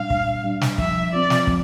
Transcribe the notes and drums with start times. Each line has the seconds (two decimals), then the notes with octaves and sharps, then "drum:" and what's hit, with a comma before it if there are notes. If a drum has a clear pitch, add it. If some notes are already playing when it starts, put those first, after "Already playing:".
Already playing: A#2 G3 D4 F5
0.10 A#2, drum: kick
0.44 G3 D4
0.61 drum: snare
0.78 F3 E5, drum: kick
1.13 C4 F4 D5
1.30 drum: snare
1.47 F3, drum: kick